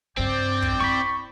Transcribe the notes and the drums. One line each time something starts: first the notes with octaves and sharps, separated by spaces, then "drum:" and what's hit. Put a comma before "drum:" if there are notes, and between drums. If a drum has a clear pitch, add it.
G2 C#3 C4 D5 G5
drum: kick
E4 B5 C#6